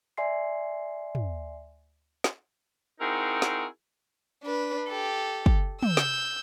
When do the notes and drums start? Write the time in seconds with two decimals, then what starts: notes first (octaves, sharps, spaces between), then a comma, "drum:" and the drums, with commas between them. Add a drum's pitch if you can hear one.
0.17 D5 E5 G#5 C6 C7
1.15 drum: tom
2.24 drum: snare
3.00 C4 D#4 E4 F#4 G#4 A#4
3.42 drum: snare
4.43 D4 B4
4.88 G4 A4
5.46 drum: kick
5.83 E6 G6, drum: tom
5.97 drum: snare